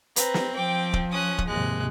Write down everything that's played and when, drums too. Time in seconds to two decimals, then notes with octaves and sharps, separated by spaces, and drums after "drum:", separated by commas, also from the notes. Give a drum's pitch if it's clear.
0.16 C4 B4 A#5, drum: hi-hat
0.34 drum: snare
0.56 F3 G5 D6
0.93 drum: kick D#1
1.12 C#4 D#6 F#6
1.38 drum: kick D#1
1.48 D#2 G#2 C3 G#3 F#6